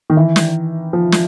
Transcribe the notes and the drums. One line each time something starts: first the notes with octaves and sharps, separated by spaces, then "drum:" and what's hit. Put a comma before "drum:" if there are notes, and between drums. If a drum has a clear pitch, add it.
D#3
E3
drum: snare
F3
drum: snare